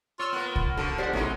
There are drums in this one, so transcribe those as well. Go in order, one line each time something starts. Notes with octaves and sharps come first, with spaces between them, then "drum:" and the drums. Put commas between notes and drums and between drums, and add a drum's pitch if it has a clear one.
F4 C#5 C#6 E6 F6
A#3 B3 F#6
drum: kick C2
D3 F3 F#4 A4
G3 G#3 G#4 C5 F#5
A1 F#2 A2 C3 G#3 D#4 E4 F#4